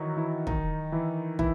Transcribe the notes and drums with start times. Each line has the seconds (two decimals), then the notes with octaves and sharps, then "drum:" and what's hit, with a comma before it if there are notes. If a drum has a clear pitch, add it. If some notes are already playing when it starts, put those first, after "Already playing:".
Already playing: D#3 E3 F#3 D#4 E4 F#4
0.16 E3 E4
0.47 D#3 D#4, drum: kick
0.92 E3 E4
1.39 E3 E4, drum: kick